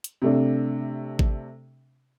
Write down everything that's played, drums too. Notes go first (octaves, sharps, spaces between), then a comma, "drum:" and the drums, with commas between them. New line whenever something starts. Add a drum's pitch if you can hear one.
drum: hi-hat
C3 A3 D4
drum: kick G#1